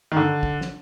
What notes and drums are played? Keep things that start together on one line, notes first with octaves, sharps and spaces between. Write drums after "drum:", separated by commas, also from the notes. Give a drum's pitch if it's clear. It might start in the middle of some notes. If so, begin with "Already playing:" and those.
D#3
D3
drum: kick
drum: snare